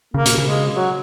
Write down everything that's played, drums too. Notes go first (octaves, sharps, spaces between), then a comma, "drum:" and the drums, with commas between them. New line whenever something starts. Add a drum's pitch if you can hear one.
C#3 A#3
A#2, drum: hi-hat
C#3
G#3
F#3